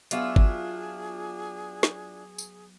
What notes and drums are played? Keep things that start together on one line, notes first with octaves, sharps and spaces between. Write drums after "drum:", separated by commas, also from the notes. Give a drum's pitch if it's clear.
F#3 B3 D4 F4 F#4 G#4 E5, drum: hi-hat
drum: kick
drum: snare
drum: tambourine